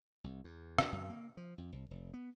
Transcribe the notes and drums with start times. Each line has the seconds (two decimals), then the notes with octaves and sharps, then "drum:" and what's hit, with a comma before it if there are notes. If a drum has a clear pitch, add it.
0.24 C2
0.44 E2
0.78 drum: rim click
0.92 F#2
1.09 A#3
1.37 F3
1.58 F2
1.72 C2
1.91 F1
2.14 B3